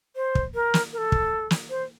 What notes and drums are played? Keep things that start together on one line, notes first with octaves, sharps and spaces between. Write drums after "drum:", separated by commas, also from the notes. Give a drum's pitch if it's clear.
C5
drum: kick
A#4
drum: snare
A#4
A4
drum: kick
drum: snare
C5